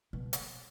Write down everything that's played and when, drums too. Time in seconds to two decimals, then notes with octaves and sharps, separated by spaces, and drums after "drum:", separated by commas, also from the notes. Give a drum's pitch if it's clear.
0.13 B2
0.33 drum: hi-hat